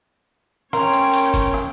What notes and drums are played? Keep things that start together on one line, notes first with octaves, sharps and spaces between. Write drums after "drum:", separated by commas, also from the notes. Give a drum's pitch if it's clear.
C#4 A#4 C#5 G5 C6, drum: rim click
drum: hi-hat
drum: hi-hat
drum: kick, hi-hat
drum: rim click